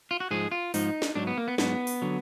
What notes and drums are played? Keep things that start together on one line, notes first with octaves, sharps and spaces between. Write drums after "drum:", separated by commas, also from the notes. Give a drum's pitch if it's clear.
F4
F#4
G#2 F3 G#4
F4
G#2 F3 D#4, drum: open hi-hat
drum: snare
G#2 F#3 D4
B3
A#3
B3
G#2 F#3 B3, drum: snare
drum: open hi-hat
D3 F#3